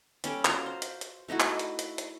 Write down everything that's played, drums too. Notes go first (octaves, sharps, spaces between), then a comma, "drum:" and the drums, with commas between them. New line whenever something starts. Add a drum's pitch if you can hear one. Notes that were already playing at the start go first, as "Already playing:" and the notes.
G3 C#4 A4 D5, drum: hi-hat
F4 F#4 A#5, drum: clap
C5
drum: hi-hat
drum: hi-hat
A3 D#4 E4 F#4
drum: clap
drum: hi-hat
drum: hi-hat
drum: hi-hat